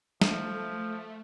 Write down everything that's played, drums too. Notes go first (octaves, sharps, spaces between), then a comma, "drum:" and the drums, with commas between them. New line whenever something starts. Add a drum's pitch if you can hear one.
F3 A3, drum: snare